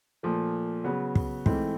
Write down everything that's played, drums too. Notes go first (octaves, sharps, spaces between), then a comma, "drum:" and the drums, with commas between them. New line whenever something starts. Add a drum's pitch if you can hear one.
A#2 F3 A3
C#3 F#3 B3
drum: kick
G#2 E3 A3 C4, drum: kick